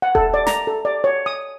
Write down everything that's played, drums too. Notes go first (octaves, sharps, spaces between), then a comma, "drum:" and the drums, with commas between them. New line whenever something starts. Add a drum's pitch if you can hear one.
F#5
A4, drum: kick D#1
D5
A#5, drum: snare
A4
D5
C#5
D#6